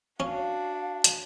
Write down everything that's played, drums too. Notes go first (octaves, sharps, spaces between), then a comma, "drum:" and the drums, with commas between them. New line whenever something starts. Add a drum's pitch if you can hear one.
C#4 D4 F#4 F5
drum: hi-hat